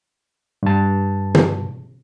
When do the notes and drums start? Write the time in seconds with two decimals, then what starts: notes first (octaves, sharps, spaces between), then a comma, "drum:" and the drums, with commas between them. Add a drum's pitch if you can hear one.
0.63 G2 A5
1.35 drum: tom